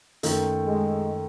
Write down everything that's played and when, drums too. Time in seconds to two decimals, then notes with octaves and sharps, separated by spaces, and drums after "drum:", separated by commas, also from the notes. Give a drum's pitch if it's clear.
0.23 F#2 D#3 A3, drum: hi-hat
0.66 G#3